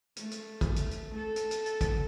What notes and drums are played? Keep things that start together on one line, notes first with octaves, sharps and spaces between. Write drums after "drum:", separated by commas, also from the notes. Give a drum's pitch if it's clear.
A3, drum: hi-hat
drum: hi-hat
drum: kick, hi-hat
drum: hi-hat
drum: hi-hat
A4
drum: hi-hat
drum: hi-hat
drum: hi-hat
drum: kick, hi-hat